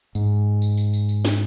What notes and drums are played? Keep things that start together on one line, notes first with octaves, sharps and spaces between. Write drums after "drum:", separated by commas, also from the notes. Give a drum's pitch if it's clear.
G#2, drum: tambourine
drum: tambourine
drum: tambourine
drum: tambourine
drum: tambourine
drum: snare